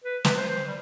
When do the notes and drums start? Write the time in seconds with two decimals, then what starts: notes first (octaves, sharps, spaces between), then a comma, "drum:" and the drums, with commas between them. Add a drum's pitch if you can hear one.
0.04 B4
0.25 B4, drum: snare
0.36 C5
0.48 C5
0.67 G3